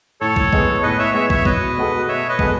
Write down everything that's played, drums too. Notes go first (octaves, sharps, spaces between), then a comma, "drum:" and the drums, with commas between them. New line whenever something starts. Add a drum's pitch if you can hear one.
A2 A4 C#5
drum: kick
G#3 B3, drum: kick
A2 B4 D#5
C#5 E5
G#3 B3 C#5 E5
C#5 E5, drum: kick
B2 B4 D#5, drum: kick
G#3 B3 F#4 A4
B2 C#5 E5
B4 D#5
G#3 B3 F#4 A4, drum: kick